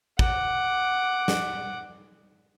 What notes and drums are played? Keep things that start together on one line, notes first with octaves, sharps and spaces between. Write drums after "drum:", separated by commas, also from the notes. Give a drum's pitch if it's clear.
F#5 D6, drum: kick
drum: snare